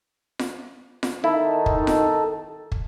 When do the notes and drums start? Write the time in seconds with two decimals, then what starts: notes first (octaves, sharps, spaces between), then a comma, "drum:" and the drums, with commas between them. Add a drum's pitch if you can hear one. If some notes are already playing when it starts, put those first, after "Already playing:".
0.39 drum: snare F4
1.03 drum: snare F4
1.24 D#3 D#4 E4 A4
1.66 drum: kick
1.87 drum: snare F4
2.72 drum: kick